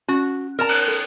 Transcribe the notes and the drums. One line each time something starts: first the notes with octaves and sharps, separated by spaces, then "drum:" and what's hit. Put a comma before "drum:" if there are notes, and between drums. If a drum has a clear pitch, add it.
C#4 F#4
A#4 A5 A#5
drum: cymbal
A4